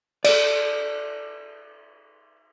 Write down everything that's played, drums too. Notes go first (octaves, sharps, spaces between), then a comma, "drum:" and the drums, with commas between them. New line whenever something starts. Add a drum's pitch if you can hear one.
A4 D5, drum: cymbal